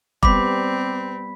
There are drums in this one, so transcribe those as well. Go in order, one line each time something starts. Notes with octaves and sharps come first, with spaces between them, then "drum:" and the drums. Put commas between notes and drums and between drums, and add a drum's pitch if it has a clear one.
G3 B3 C4 B5 D6 B6, drum: kick F1